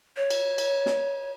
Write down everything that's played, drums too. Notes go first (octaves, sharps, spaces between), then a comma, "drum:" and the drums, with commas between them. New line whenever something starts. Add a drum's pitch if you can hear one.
C#5
drum: cymbal
drum: cymbal
drum: snare